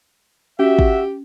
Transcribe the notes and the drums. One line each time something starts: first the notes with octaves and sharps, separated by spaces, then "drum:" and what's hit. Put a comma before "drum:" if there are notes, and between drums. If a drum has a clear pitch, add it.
C#4 F#4 G4 E5
drum: kick